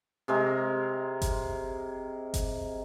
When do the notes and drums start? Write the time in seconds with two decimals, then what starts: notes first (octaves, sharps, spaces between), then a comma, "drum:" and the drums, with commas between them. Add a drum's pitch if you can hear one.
0.28 C3 G#3 A#4
1.22 drum: kick G1, hi-hat
2.34 drum: kick G1, hi-hat